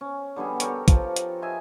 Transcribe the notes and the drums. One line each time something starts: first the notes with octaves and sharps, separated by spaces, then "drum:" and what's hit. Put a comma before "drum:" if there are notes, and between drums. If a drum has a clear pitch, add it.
C#4
D3 G3 B3 G#4
G4 A4 A#4 C#5, drum: hi-hat
F3, drum: kick, hi-hat
drum: hi-hat
G#4 D#5 E5 G#5